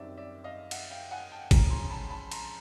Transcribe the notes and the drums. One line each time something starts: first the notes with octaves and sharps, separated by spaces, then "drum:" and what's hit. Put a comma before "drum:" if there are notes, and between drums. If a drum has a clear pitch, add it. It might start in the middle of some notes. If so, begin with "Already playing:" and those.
Already playing: F#2 D#3 G3 C4 D5 E5
D5 E5
D#5 F5
E5 F#5, drum: cymbal
F5 G5
F#5 G#5
G5 A5
A2 F3 G#3 C#4 G#5 A#5, drum: kick G#1, cymbal
A#5 C6
A5 B5
A5 B5
A#5 C6, drum: cymbal